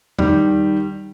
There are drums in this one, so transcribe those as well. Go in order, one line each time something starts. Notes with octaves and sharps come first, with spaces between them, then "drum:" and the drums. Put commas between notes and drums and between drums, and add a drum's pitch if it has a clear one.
D#3 G3, drum: tom E2